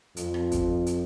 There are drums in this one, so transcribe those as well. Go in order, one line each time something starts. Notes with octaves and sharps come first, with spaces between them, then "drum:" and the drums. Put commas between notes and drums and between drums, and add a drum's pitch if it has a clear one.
F2, drum: hi-hat
drum: rim click
drum: kick, hi-hat
drum: hi-hat